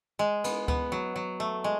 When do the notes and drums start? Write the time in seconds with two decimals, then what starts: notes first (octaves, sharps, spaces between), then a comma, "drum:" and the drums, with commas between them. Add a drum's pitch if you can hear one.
0.19 G#3
0.44 B3, drum: cymbal
0.68 B3, drum: kick D2
0.92 F#3
1.16 F#3
1.40 A3
1.64 G#3